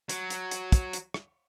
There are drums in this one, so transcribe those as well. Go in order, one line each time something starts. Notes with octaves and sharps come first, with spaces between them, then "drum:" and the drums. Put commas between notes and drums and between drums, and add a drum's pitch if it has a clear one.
F#3, drum: hi-hat
drum: hi-hat
drum: hi-hat
drum: kick, hi-hat
drum: hi-hat
drum: rim click